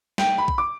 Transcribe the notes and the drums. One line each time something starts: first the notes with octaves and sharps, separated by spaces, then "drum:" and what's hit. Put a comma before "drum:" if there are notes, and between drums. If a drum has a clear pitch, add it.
G5, drum: snare
B5
drum: kick B1
D6